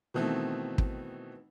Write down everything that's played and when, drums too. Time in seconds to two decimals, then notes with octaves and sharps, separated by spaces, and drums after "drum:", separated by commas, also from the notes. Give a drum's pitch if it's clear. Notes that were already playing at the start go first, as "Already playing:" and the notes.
0.14 B2 D#3 E3 A3 C4
0.78 drum: kick